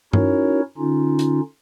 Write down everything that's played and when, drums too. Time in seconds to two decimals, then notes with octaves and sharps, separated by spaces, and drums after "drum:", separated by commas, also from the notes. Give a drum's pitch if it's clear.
0.13 C#4 D#4 E4 F#4 A#4 C#5, drum: tom G2
0.77 D3 C#4 D#4 F4
1.19 drum: hi-hat